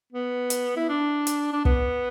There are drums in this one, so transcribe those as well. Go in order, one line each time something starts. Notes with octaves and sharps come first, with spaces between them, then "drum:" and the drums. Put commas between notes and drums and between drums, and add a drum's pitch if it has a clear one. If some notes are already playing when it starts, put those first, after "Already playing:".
B3
drum: hi-hat
E4
D4
drum: hi-hat
D4
B3, drum: kick